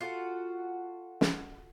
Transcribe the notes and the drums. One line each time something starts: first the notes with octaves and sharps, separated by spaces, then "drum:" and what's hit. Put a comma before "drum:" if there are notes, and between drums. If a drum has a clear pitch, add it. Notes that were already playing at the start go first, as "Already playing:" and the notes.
F4 F#4 A4 F#5
drum: snare